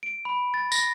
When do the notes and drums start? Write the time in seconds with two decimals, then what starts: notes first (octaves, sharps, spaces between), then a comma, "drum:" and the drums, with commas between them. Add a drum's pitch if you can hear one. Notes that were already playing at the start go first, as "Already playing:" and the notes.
0.03 D7
0.25 B5
0.54 A6
0.72 A#6, drum: tambourine